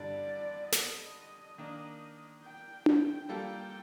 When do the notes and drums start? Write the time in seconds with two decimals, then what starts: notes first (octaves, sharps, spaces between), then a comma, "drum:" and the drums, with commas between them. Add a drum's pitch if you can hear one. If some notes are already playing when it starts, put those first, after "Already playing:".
Already playing: G2 D3 G3 D4 D5
0.72 D#5, drum: snare
1.58 D#3 A#3 D4
2.43 G5
2.86 G5, drum: tom D4
3.29 G3 A#3 F4 A4 G5